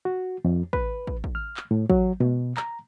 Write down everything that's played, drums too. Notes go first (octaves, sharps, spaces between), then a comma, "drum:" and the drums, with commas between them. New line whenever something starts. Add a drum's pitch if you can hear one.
F#4
F2
B4, drum: kick
drum: kick
drum: kick
F6
drum: clap
A2
F#3, drum: kick
B2, drum: tom G#3
A#5, drum: clap